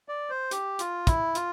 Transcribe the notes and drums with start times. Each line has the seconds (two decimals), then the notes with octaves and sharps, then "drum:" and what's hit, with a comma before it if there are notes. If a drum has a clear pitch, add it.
0.09 D5
0.30 C5
0.51 G4, drum: hi-hat
0.79 F4, drum: hi-hat
1.07 E4, drum: kick, hi-hat
1.35 F4, drum: hi-hat